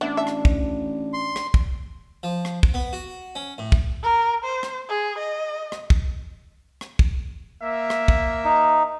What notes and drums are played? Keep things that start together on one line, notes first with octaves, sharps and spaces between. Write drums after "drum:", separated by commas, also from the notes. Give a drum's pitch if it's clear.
A1 B3 D4 E4 E5
E5
drum: rim click
drum: kick
C6
drum: rim click
drum: kick
F3
drum: rim click
drum: kick
B3
F#4
C#4
A2
drum: kick
A#4
C5
drum: rim click
G#4
D#5
drum: rim click
drum: kick
drum: rim click
drum: kick
A#3 E5
drum: rim click
drum: kick
D#4